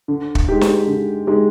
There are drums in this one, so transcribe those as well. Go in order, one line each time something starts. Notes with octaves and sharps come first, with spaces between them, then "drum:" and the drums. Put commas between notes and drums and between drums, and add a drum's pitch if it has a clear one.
D3
drum: kick
G#3 D#4 G4
drum: snare
D3
G#3 D#4 G4